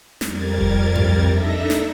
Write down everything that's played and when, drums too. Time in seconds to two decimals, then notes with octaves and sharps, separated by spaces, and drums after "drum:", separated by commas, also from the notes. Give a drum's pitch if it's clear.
0.21 F2 G3 A#4 G#6 A6, drum: snare
0.58 drum: kick E1
0.95 drum: tom F#2
1.24 D4 D#4 A4 E5 A#6
1.70 drum: snare